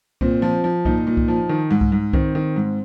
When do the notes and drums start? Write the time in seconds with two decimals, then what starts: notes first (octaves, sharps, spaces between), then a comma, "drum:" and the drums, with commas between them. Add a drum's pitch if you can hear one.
0.21 A#2 C4, drum: kick C2
0.42 F3
0.64 F3
0.85 A#2 D#4, drum: kick C2
1.07 A#2
1.17 drum: kick C2
1.28 F3
1.49 D#3
1.71 G#2
1.81 drum: kick C2
1.92 G#2
2.13 D#3 C4, drum: kick C2
2.35 D#3
2.56 G#2